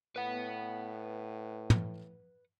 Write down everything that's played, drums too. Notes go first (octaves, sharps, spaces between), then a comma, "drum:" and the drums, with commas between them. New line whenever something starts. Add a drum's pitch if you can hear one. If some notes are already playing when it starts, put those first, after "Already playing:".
A2 B4 F#5
drum: tom